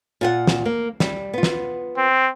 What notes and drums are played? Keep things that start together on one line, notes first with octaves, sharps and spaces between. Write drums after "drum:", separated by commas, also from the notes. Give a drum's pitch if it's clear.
A#2 F4 F#5
drum: snare
A#3
G3, drum: snare
B3 F4
drum: snare
C4